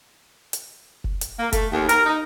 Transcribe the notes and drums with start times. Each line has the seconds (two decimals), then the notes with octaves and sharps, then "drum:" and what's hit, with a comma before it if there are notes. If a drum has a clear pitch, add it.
0.53 drum: hi-hat
1.04 drum: kick F1
1.21 drum: hi-hat
1.39 A#3
1.53 A3, drum: kick F1, hi-hat
1.72 D#2
1.89 A#4, drum: hi-hat
2.06 D#4